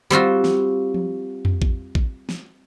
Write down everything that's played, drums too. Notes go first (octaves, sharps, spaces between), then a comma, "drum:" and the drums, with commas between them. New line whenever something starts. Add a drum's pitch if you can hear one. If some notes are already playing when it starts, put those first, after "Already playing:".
G3 C4 F4 F#4
drum: snare
drum: tom F3
drum: tom F2
drum: kick
drum: kick
drum: snare